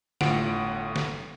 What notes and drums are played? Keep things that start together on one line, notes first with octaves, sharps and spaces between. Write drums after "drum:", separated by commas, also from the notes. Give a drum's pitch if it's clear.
G1 A2 F4 F#5 D7, drum: snare
drum: snare